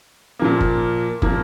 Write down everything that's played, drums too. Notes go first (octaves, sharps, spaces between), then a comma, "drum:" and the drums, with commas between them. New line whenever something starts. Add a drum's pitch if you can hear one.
A#2 F3 A#3
drum: kick
A#2 F3 A#3, drum: kick